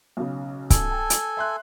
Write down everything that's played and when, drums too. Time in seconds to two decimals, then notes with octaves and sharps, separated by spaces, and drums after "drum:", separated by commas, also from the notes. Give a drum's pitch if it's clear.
0.17 B1 C#3
0.70 A4 G#5, drum: kick C#1, hi-hat
0.91 G5 A5
1.10 drum: hi-hat
1.37 E5 C6 F#6